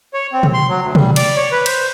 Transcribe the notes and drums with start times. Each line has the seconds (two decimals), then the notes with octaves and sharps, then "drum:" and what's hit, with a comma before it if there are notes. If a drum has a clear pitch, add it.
0.14 C#5
0.33 C4
0.43 drum: tom
0.54 C6
0.69 F#3
0.81 D2
0.95 G3, drum: tom
1.16 D5, drum: cymbal
1.36 C#5
1.52 B4
1.66 C5, drum: cymbal